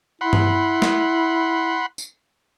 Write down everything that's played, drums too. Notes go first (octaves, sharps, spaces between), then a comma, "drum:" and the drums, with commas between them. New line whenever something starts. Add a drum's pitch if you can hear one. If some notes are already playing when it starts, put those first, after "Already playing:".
E4 F#5 B5 C6
drum: tom G2
drum: snare
drum: tambourine